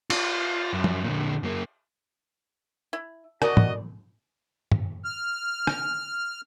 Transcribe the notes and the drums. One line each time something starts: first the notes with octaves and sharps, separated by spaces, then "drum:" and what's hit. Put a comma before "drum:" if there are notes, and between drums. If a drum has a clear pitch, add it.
F4, drum: cymbal
F#2
drum: tom F3
A#2 D3
F#2 A#3
E4
F#4 A#4 D5 D#5, drum: rim click
drum: tom
drum: tom
F6
drum: rim click